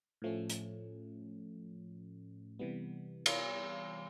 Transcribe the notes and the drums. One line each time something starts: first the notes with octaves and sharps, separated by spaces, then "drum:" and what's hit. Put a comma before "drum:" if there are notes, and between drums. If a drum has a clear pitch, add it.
A2 F3 A3 C#4
drum: hi-hat
C3 E3 G3 B3
drum: cymbal